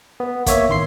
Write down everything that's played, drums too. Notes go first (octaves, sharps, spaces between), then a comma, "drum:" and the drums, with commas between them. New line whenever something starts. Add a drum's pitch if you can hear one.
B3
A#3 C#5 E5, drum: kick, hi-hat
A1 D#3 C6 C7